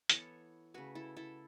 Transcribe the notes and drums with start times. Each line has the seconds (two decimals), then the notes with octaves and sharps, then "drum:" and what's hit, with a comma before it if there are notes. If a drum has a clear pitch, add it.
0.09 E3 B3 A4 C#5, drum: hi-hat
0.74 C#3 A3 F#4 B4
0.95 E4 A4
1.16 E4 A4